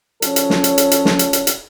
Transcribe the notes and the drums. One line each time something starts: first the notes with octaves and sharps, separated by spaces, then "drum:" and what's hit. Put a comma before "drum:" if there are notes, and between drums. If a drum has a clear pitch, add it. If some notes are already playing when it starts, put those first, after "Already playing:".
F3 C#4 A4 C#5, drum: hi-hat
drum: hi-hat
drum: snare
drum: hi-hat
drum: hi-hat
drum: hi-hat
drum: snare
drum: hi-hat
drum: hi-hat
drum: hi-hat